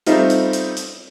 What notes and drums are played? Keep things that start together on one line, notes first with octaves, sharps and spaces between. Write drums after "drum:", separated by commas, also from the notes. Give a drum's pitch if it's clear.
G3 A3 C4 D#4 F4, drum: hi-hat
drum: hi-hat
drum: hi-hat
drum: hi-hat